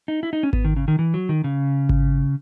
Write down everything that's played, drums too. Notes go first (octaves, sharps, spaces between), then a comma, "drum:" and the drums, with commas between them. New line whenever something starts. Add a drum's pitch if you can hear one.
D#4
E4
D#4
C#4
B3, drum: kick G#1
D#3
C#3
D#3
E3
F#3
D#3
C#3
drum: kick G#1